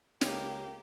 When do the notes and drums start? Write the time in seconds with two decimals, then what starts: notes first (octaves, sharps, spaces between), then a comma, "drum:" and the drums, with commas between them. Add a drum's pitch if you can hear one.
0.21 C#2 A#3 G4, drum: snare